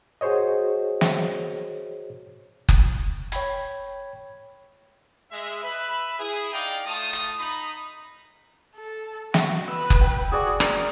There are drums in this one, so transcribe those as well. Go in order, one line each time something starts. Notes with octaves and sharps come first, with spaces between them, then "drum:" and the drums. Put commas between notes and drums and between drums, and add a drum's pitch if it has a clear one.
F#4 G#4 C5 C#5 D#5
drum: snare
drum: kick F#1
C#5 G5 B5 G#6, drum: hi-hat
G#3 E5
B4 E5 B5
E4 G#4
D#4 D5 D#5 F5 G5 A#5
A3 F4 A5 D#6
drum: hi-hat
D#4 B5 D#6
A4
F#4, drum: snare
B4 E6
drum: kick F#1
G5
F#4 G#4 D5
A#4, drum: rim click